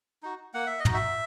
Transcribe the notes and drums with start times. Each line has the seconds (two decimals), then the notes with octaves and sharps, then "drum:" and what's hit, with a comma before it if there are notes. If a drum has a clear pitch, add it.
0.23 D#4 F#4
0.54 A#3 F#5
0.66 E5
0.80 D#5
0.85 D#4 F#4, drum: tom
0.94 E5